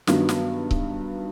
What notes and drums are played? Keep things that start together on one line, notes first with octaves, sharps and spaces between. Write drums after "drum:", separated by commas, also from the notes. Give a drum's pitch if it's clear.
G2 D#3 F#3 B3 D#4, drum: snare
drum: snare
drum: kick C#1